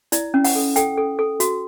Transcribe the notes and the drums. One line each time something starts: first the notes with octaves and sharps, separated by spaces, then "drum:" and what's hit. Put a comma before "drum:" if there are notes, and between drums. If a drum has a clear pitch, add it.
E4 D5, drum: hi-hat
C#4
F#5, drum: open hi-hat
A4
A4 G5, drum: hi-hat
A4
A4
F#4, drum: hi-hat